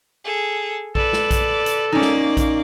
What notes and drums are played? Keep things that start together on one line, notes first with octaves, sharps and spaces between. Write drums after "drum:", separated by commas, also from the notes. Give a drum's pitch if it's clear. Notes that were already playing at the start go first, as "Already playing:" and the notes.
G#4 A4
A4 B4 D5, drum: kick A#1
drum: snare
drum: kick A#1, hi-hat
drum: hi-hat
A#3 C#4 D#4 D5
drum: snare
drum: kick A#1, hi-hat